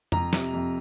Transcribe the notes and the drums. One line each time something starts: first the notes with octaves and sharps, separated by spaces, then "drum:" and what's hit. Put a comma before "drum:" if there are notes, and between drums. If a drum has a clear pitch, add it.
F2 A#5, drum: tom F2
C3, drum: snare
F2